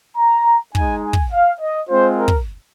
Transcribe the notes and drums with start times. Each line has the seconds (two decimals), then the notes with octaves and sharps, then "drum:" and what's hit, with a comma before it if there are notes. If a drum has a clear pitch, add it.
0.17 A#5
0.75 G#3 D#4 G#5, drum: kick
1.04 G#5
1.13 drum: kick
1.33 F5
1.61 D#5
1.89 G#3 C4 F4 C5
2.18 A#4
2.28 drum: kick